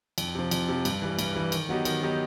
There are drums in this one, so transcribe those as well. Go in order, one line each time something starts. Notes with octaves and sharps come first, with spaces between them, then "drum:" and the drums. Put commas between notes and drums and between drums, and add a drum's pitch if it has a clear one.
F2, drum: cymbal
C3 F3
F2, drum: cymbal
C3 F3
G2, drum: cymbal
E3 G3
G2, drum: cymbal
E3 G3
D#3, drum: cymbal
F#3 B3 D#4 G4
D#3, drum: cymbal
F#3 B3 D#4 G4